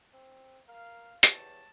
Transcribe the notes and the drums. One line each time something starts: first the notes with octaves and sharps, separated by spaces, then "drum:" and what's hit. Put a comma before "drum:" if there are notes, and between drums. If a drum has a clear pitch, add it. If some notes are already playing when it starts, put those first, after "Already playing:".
C4
A#4 F5
E2 G4 C#5 A5, drum: hi-hat